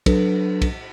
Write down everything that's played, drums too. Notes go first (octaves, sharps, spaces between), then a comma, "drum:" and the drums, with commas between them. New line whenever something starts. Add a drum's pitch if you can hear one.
F#3 D4 A4 B4, drum: kick, cymbal
drum: kick, cymbal